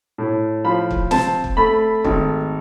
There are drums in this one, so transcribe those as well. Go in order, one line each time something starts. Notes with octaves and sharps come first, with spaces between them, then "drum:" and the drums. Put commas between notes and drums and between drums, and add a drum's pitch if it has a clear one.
A2
F3 B5
drum: kick
C4 A5, drum: snare
drum: kick
A3 B5
G#1, drum: kick